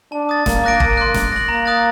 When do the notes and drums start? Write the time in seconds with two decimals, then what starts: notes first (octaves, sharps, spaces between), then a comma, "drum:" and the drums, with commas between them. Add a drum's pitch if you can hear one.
0.12 D4 A5
0.29 D#6 A6
0.46 A#3 A5, drum: snare
0.64 D6 F#6 A#6 D7
0.80 A5, drum: kick
0.97 C6 F#6
1.14 F#6, drum: snare
1.32 A#6 F#7
1.48 A#3 A#5
1.66 D#6 F#6 A6